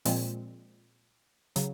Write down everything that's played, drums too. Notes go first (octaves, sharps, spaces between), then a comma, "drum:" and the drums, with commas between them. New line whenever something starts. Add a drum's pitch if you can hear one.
A#2 F3 G#3 C4, drum: open hi-hat
C#3 F#3, drum: hi-hat